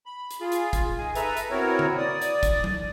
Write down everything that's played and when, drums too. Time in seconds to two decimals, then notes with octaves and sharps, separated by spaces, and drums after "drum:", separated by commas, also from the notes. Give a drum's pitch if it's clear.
0.06 B5
0.31 drum: hi-hat
0.40 F4 G#4
0.52 drum: hi-hat
0.73 drum: kick, hi-hat
0.98 D#3 G#3 G#4 G#5
1.15 A4 B4 E5 A#5, drum: hi-hat
1.37 drum: hi-hat
1.51 B3 C4 E4 F#4 A#4 C#5
1.79 drum: tom
1.97 D5 D#6
2.22 drum: hi-hat
2.43 drum: kick, hi-hat
2.64 drum: tom F#3